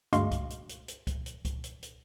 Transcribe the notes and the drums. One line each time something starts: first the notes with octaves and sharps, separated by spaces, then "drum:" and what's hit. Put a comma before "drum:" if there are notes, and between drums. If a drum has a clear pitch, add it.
D2 G2 G#3 F#4 F5 C6, drum: hi-hat
drum: kick C2, hi-hat
drum: hi-hat
drum: hi-hat
drum: hi-hat
drum: kick C2, hi-hat
drum: hi-hat
drum: kick C2, hi-hat
drum: hi-hat
drum: hi-hat